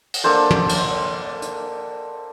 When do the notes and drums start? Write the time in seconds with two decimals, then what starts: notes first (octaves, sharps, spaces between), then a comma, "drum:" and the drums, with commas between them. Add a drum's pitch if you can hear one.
0.14 drum: cymbal
0.24 A#3 D4 A4 C5
0.51 drum: tom
0.69 drum: cymbal
1.42 drum: hi-hat